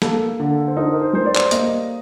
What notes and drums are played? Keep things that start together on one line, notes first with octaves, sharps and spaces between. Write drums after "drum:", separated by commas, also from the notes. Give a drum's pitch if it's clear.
A#3 A4, drum: snare
D3
C5
D#4 A#4
A#4
C5
G3 C5
D5
drum: clap
A#3 D#5, drum: hi-hat